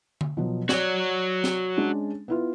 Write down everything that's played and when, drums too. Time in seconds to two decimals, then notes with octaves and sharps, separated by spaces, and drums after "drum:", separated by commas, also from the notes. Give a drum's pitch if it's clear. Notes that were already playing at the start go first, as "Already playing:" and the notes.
0.21 drum: tom D3
0.37 B2 F3 F#3
0.69 F#4 C#5 D5 G#6, drum: snare
1.44 drum: snare
1.77 G#3 C#4 D4
2.28 B3 E4 F4